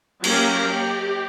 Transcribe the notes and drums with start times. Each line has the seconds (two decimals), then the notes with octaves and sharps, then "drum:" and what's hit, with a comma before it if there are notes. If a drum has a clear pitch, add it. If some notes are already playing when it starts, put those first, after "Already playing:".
0.24 F#3 A#3 C#4 G4, drum: cymbal